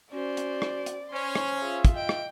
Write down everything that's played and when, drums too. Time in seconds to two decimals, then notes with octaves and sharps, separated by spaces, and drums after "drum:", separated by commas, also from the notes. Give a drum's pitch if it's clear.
0.12 C#4 F#4 C5 D5
0.37 drum: hi-hat
0.62 drum: rim click
0.86 drum: hi-hat
1.11 C#4 C5 C6
1.35 drum: rim click
1.60 F4 G#4 E5
1.85 drum: kick, hi-hat
1.94 D#5 G5 D7
2.09 drum: rim click